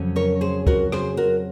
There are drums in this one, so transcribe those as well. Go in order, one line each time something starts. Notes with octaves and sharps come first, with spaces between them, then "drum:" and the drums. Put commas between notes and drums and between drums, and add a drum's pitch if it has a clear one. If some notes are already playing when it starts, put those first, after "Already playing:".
Already playing: F2 C#3 F#3 C#4
A#4 C#5
G#4 C5
F#4 A#4, drum: kick
G#4 C5, drum: rim click
F#4 A#4